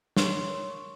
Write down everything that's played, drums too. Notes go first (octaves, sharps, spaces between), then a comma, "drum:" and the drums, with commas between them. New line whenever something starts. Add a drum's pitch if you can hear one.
A#4 C#5 C6 C#6, drum: snare